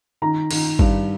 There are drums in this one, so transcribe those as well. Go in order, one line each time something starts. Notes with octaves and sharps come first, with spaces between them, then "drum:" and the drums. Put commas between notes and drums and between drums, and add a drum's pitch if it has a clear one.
D#3 A#5
D#3, drum: cymbal
G2, drum: kick G#1